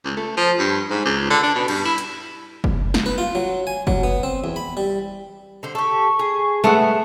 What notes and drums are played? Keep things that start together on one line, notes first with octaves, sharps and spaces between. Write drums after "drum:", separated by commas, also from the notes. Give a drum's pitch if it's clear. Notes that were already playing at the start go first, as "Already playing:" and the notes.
C#2
A3
F3
G2
G#2
C#2
D3
D4
B2
G2, drum: cymbal
E4
drum: hi-hat
drum: kick F#1
drum: snare
B4
F4
F#3
G#5
F#3, drum: kick F#1
B3
C4
E2
B5
G3
D3 C5
G4 A4 C#6
G#4
G#3 A3 B3 E5 F#5